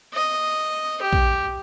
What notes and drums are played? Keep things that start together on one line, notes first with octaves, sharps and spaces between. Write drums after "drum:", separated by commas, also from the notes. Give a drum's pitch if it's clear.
D#5
G4
drum: kick